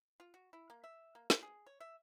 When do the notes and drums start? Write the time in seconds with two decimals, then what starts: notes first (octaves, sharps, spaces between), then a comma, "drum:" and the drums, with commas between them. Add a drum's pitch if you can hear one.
0.20 F4
0.34 F#4
0.53 E4
0.70 A#3
0.84 E5
1.15 A#3
1.30 C#5, drum: snare
1.43 G#4
1.66 C#5
1.80 E5